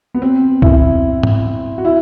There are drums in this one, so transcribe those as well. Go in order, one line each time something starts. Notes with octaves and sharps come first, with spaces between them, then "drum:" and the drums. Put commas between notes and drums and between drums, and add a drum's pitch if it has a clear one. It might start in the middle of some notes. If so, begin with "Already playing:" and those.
B3
C4
E4, drum: kick C#2
drum: tom
F#4
E4